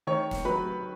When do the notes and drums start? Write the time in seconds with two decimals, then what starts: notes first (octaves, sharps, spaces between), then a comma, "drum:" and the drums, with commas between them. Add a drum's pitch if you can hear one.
0.07 D#3 C#5 C#6
0.31 drum: snare
0.45 F#3 B4 B5